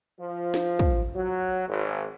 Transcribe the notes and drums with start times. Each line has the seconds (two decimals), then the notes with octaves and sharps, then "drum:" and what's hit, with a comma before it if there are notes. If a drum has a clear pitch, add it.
0.19 F3
0.54 drum: snare
0.79 drum: kick
1.14 F#3
1.67 G#1